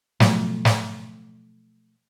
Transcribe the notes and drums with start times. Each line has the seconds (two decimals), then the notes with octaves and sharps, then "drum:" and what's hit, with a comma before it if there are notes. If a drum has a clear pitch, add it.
0.20 B2 F3 F#3 A3, drum: snare
0.65 drum: snare